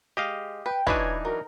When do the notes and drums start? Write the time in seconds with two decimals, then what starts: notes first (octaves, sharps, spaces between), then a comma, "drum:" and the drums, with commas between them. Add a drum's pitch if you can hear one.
0.17 G#3 G4 D#5 F5
0.66 B4 G5
0.87 E3 F#3 D4 D#4 B4 C#5 G#5 G#6, drum: kick
1.25 F#3 A#4